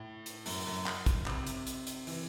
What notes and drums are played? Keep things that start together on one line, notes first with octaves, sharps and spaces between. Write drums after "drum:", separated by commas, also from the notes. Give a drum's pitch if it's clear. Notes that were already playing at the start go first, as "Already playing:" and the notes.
Already playing: A2
drum: hi-hat
F#2, drum: open hi-hat
F#2
drum: clap
drum: kick, hi-hat
C3, drum: clap
drum: hi-hat
drum: hi-hat
drum: hi-hat
E3, drum: open hi-hat